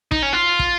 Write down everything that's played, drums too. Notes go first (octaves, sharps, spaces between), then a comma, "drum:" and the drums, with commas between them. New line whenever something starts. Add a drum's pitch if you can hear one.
D#4, drum: kick
C#4
F4
drum: kick